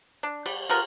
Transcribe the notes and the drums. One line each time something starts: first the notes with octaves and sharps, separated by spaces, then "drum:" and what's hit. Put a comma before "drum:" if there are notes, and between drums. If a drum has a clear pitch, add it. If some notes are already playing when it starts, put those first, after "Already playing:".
D4
G3, drum: cymbal
F3 B3 A#4, drum: cymbal